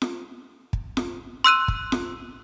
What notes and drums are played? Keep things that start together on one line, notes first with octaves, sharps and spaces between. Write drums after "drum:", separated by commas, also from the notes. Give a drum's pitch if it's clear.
drum: snare F4
drum: kick
drum: snare F4
C6 E6 F#6 D#7
drum: kick
drum: snare F4